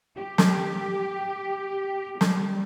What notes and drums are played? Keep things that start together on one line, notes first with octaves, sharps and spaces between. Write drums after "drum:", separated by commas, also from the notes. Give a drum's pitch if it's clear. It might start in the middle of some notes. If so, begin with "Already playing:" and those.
G4
drum: snare
G3, drum: snare